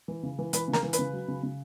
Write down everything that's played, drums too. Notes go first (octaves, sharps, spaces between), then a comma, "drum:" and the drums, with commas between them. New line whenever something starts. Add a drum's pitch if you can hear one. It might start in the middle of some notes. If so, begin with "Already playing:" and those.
E3
C#3
E3
E3 B4 B5, drum: hi-hat
C#3
A#4 A#5, drum: snare
E3
B4 B5, drum: hi-hat
C#3
F#3
C#3
C#3